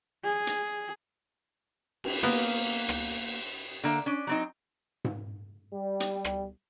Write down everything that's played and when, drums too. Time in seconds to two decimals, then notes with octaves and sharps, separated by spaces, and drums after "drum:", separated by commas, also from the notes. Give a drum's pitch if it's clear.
0.24 G#4
0.47 drum: hi-hat
2.04 drum: cymbal
2.23 A#3 B3
2.88 drum: rim click
3.84 D3 A#3 E5
4.06 C#4 D4
4.27 F#3 C4 D#4
5.04 drum: tom G#2
5.74 G3
6.00 drum: hi-hat
6.24 drum: rim click